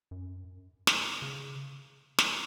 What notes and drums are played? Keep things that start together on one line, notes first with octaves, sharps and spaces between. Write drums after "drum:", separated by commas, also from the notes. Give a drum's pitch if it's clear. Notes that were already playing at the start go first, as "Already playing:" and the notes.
F#2
drum: snare
C#3
drum: snare